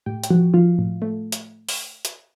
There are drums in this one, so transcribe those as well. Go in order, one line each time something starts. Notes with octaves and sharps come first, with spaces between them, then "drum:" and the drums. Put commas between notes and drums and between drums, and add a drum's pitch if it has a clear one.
A2 G4 G5
G5, drum: hi-hat
F3 F#4 F#5
F3 F4 F5
A2
A3
drum: hi-hat
drum: open hi-hat
drum: hi-hat